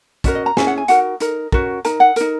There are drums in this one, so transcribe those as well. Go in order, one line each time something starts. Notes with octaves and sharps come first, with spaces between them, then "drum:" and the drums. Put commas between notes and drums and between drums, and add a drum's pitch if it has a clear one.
C#4 F#4 A#4 D#5, drum: kick, hi-hat
D#5
A#5
C#4 E4 G#4 G#5, drum: snare
F#5
G#5
D#4 F#4 A#4 F#5, drum: hi-hat
D#4 A#4, drum: hi-hat
C#4 F#4 A#4, drum: kick
D#4 A#4 A#5, drum: hi-hat
F#5
D#4 A#4, drum: hi-hat